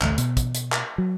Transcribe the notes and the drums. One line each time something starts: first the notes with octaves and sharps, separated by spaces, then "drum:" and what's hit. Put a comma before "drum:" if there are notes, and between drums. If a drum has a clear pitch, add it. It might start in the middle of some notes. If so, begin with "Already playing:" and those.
A1 D2 A3, drum: clap
B2, drum: hi-hat
drum: kick, hi-hat
drum: hi-hat
drum: clap
F#3